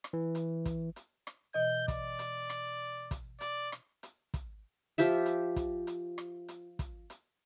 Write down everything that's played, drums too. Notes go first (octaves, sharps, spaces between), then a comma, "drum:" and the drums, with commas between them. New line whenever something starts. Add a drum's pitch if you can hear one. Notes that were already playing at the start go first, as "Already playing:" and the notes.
drum: rim click
E3
drum: hi-hat
drum: kick, hi-hat
drum: hi-hat
drum: rim click
B2 E3 D#5 G6
D5, drum: kick, hi-hat
drum: hi-hat
drum: rim click
drum: kick, hi-hat
D5, drum: hi-hat
drum: rim click
drum: hi-hat
drum: kick, hi-hat
F3 F4 G4 E5
drum: hi-hat
drum: kick, hi-hat
drum: hi-hat
drum: rim click
drum: hi-hat
drum: kick, hi-hat
drum: hi-hat